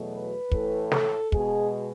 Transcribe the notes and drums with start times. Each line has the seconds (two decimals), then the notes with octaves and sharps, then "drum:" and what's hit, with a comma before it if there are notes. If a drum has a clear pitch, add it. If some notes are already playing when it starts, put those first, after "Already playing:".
Already playing: E2 B2 F#3 A3
0.11 B4
0.52 A2 E3 A3, drum: kick
0.92 A4, drum: snare
1.32 B2 G#3 G#4, drum: kick